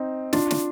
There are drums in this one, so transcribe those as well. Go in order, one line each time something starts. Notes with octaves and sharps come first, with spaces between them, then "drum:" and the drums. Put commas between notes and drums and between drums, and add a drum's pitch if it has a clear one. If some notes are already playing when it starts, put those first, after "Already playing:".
Already playing: C4 D#4
D4 F4, drum: snare
drum: snare